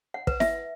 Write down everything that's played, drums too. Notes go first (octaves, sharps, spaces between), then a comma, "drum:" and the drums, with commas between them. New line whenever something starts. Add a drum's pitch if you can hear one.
F#5
B4, drum: kick
E5, drum: snare E4